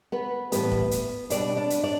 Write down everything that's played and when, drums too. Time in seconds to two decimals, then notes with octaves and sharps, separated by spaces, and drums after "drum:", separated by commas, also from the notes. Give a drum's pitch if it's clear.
0.12 B3 B4
0.52 A2 E3 G3 B3 B4, drum: hi-hat
0.72 drum: kick
0.91 drum: hi-hat
1.30 B2 G3 D4 D5, drum: hi-hat
1.56 D4 D5
1.70 drum: hi-hat
1.84 D4 D5